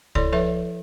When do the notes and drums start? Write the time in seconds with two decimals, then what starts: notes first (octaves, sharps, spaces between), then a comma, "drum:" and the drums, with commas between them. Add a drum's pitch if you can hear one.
0.15 E4 A4 C#5 D5 C6, drum: kick
0.33 F3 A4 B4 C#5 E5